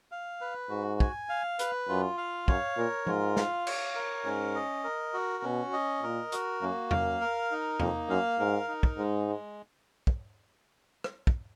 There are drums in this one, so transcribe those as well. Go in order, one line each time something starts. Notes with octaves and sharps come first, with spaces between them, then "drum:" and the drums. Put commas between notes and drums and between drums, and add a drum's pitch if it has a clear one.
F5
B4
G#2 F#4
G#5, drum: kick
F5
B4, drum: hi-hat
F#2 F4
F5
F#2 C#5, drum: kick
A#2 A#4
G#2 F4, drum: tom F3
F5, drum: snare
C#5, drum: cymbal
A#4
G#2 C#4
D#5
A#4
F#4
B2 C#4
D#5
A#2 A#4
F#4, drum: hi-hat
F#2 A#3
F#2 F5, drum: tom E2
A#4
D#4
F2 A#3, drum: tom E2
F#2 F5
G#2 A#4
D#4
drum: kick
G#2 G#3
G#3
drum: kick
drum: rim click
drum: kick